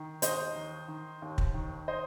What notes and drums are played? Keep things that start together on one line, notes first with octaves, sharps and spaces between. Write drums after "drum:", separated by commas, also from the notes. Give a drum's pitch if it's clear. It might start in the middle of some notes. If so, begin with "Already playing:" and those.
Already playing: D#3
D#2 C5 D#5, drum: hi-hat
D#3
D#3
D#2
drum: kick
D#3
C5 D#5